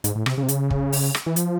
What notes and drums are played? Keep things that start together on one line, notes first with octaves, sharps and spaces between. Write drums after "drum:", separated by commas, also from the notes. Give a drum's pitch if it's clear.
G#2, drum: hi-hat
A2
C3, drum: rim click
C#3
C3
C#3, drum: hi-hat
drum: kick
drum: open hi-hat
drum: rim click
E3
F3, drum: hi-hat